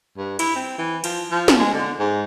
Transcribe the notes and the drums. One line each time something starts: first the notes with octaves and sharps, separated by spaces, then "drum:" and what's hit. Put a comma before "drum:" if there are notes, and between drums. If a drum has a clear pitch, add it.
G2
E4, drum: cymbal
C4
E3
F3, drum: cymbal
F3
drum: snare
G#3
D3
G#2